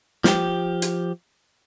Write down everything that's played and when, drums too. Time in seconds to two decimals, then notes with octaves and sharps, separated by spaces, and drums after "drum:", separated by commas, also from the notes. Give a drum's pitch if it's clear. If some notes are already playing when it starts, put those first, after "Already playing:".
0.24 F3 G4, drum: snare
0.82 drum: hi-hat